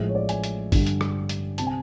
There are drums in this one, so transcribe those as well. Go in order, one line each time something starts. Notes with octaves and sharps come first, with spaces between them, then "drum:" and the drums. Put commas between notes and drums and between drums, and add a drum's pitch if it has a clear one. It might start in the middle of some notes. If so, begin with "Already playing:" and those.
Already playing: A1 A2 F3 G#3 E5
C#5
D5
G#5, drum: hi-hat
drum: hi-hat
G2 D3 G3, drum: kick, open hi-hat
drum: hi-hat
drum: rim click
drum: hi-hat
C3 A5, drum: hi-hat
G#5